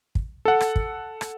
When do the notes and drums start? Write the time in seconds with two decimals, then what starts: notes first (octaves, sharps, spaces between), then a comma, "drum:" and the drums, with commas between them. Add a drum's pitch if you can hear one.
0.15 drum: kick
0.45 A4 F#5
0.61 drum: rim click
0.76 drum: kick
1.21 drum: rim click